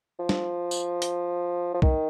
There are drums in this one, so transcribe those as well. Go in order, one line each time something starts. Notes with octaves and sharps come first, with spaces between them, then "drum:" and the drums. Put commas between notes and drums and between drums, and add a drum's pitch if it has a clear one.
F3
drum: snare
drum: tambourine
drum: hi-hat
F3
D#3, drum: kick B1